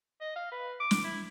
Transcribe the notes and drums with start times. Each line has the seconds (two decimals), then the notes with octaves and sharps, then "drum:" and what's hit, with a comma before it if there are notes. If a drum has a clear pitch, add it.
0.21 D#5
0.35 F5
0.52 B4
0.80 D6
0.91 drum: snare
1.04 E4